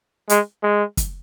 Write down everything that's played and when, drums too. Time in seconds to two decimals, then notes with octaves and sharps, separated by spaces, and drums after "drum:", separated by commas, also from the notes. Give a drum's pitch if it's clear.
0.29 G#3, drum: hi-hat
0.63 G#3
0.97 drum: kick, hi-hat